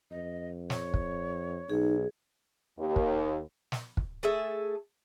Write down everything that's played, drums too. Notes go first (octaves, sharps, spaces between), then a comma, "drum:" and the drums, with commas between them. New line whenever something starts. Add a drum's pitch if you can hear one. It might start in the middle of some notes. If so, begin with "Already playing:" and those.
F2 D#5
C#5, drum: snare
drum: kick
B1 D#4 G#4
D#2
drum: kick
drum: snare
drum: kick
A3 G#4 A4 E5